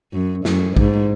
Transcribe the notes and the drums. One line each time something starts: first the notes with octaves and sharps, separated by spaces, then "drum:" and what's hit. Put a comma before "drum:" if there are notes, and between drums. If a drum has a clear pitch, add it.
F#2
F#2, drum: snare
G#2, drum: kick A#1